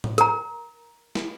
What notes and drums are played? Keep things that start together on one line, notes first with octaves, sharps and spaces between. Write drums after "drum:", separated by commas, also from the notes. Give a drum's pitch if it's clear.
drum: tom A2
A#4 A#5, drum: hi-hat
drum: snare